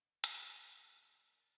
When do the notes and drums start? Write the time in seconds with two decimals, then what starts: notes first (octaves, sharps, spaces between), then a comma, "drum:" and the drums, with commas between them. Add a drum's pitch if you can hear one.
0.24 A3 G#4, drum: hi-hat
0.78 F#2 C3 E3 G3 A4 A#5
1.19 A#3 D5